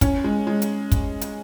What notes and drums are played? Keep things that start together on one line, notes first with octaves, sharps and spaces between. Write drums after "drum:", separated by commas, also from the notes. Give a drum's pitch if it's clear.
C#4, drum: kick, hi-hat
G#3
G#3
drum: hi-hat
drum: kick, hi-hat
drum: hi-hat